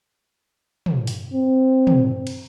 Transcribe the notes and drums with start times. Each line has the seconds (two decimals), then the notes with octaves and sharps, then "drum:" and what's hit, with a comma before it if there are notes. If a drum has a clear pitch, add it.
0.86 drum: tom
1.07 drum: open hi-hat
1.33 C4
1.87 drum: tom
2.27 drum: cymbal